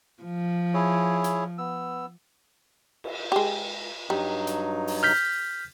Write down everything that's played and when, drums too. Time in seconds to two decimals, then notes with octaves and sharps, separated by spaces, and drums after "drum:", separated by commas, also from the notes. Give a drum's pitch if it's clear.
0.23 F3
0.74 E4 G#4 C#5
1.24 drum: hi-hat
1.58 B3 E6
3.04 drum: cymbal
3.32 G#3 G4
4.10 G2 F#3 G3 D#4
4.47 drum: hi-hat
4.87 drum: open hi-hat
5.03 F6 G6 B6